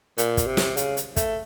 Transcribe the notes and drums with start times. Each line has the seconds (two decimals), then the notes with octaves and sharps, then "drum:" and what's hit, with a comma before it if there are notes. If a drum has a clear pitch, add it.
0.18 A#2, drum: hi-hat
0.37 drum: kick, hi-hat
0.47 C3
0.57 drum: snare
0.77 C#3, drum: hi-hat
0.97 drum: hi-hat
1.16 A3, drum: kick, hi-hat